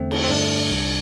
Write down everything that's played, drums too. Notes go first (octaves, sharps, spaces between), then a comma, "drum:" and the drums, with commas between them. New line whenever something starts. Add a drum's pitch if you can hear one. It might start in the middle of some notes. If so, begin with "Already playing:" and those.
Already playing: E2 D3 A3 C4
drum: cymbal
C4
G2 D3 A3 D4
C2 C3 G3